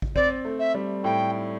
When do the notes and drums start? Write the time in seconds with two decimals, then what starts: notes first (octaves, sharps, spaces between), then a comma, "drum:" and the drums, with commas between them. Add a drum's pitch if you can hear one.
0.02 drum: kick
0.16 C4 D5, drum: kick
0.45 A3
0.59 E5
0.74 G3
1.04 A2 G5